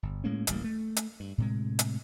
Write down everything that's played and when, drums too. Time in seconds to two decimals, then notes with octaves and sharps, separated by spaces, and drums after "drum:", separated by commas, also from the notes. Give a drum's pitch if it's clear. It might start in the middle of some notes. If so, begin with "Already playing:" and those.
0.03 G1
0.24 A2 G#3 A#3 C#4
0.47 D1 A1 G3 A#3, drum: hi-hat
0.64 A3
0.96 drum: hi-hat
1.20 G2
1.38 A2 C3 G#3
1.79 drum: hi-hat